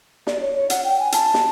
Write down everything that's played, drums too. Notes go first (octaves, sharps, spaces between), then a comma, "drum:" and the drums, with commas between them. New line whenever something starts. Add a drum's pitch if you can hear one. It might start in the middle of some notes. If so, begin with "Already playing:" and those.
D5, drum: snare
C#5
C#5
F#5, drum: hi-hat
G5
G#5
A5, drum: hi-hat
drum: snare